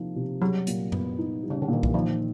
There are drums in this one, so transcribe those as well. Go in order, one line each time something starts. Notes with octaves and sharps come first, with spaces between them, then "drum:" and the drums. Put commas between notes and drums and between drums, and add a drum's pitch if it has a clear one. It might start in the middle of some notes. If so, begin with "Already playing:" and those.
Already playing: C3 F3 A#3 D#4
C3
F#3 G3
A#2, drum: hi-hat
B3, drum: tom F#2
D#4
G3
C#3
D3
A#2 D#3
E3, drum: kick
D#3 F3